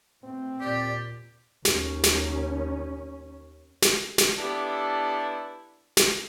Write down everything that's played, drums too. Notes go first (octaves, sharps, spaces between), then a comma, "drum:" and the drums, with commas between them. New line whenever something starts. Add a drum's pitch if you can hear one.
B2 A3 C4
D#2 A#2 G4 D5
D#2 C#4, drum: snare
drum: snare
drum: snare
drum: snare
B3 D4 E4 G4 A4
drum: snare